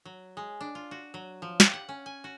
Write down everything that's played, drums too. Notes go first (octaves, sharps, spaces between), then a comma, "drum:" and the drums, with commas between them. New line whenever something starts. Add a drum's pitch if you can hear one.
F#3
G#3
D4
F4
F#4
F#3
F3
G4, drum: snare
F#5
C#4
G#5
F#4